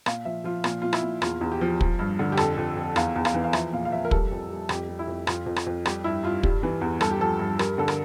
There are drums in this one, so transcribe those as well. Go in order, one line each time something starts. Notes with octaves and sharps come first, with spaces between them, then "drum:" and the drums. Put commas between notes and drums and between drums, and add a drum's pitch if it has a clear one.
A#2 F5, drum: rim click
F3 E5
F3 F4
A#2 F4, drum: rim click
A#2 F4
E4, drum: rim click
A#2
E2 F4, drum: rim click
E2
G4
F3
F3, drum: kick
G2
D3
G4
F2 A4, drum: rim click
F2
F2
E2 F5, drum: rim click
E2
F5, drum: rim click
E3
F5
F3 E5, drum: rim click
A#2 F5
F5
F3 E5
A#4
G3 A4, drum: kick
F2
G3
F2 G4, drum: rim click
G3
E4
F2
F2 F4, drum: rim click
F2
drum: rim click
F2
G3 G4, drum: rim click
G2 E4
G2 F4
G3, drum: kick
E3
E2
G2 A4, drum: rim click
G4
F3 A4
G2
G3 A#4, drum: rim click
D3 A4
A#4, drum: rim click